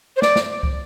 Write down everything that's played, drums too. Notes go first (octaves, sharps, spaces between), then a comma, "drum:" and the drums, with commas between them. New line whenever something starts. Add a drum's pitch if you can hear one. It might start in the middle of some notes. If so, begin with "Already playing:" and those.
C5
D5, drum: snare
drum: snare
drum: kick